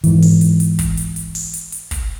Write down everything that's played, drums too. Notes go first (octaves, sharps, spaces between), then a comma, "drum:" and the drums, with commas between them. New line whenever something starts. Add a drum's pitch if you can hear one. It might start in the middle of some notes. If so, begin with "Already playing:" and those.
G#2 E3, drum: hi-hat
drum: open hi-hat
drum: hi-hat
drum: hi-hat
drum: kick, hi-hat
drum: hi-hat
drum: hi-hat
drum: open hi-hat
drum: hi-hat
drum: hi-hat
drum: kick, hi-hat